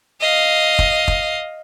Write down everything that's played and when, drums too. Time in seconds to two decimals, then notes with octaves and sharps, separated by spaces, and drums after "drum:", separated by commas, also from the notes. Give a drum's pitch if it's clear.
0.21 D#5 F5
0.79 drum: kick
1.08 drum: kick